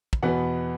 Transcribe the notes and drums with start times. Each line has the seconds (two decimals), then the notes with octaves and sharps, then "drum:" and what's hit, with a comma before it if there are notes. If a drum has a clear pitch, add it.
0.13 drum: kick
0.23 E2 B2 B3 F#5